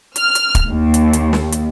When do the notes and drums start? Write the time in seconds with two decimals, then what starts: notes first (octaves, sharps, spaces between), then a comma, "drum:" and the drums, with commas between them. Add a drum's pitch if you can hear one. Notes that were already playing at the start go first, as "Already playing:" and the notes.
0.16 F6, drum: hi-hat
0.35 drum: hi-hat
0.55 drum: kick, hi-hat
0.68 D#2
0.94 drum: hi-hat
1.13 drum: hi-hat
1.33 drum: snare
1.52 drum: hi-hat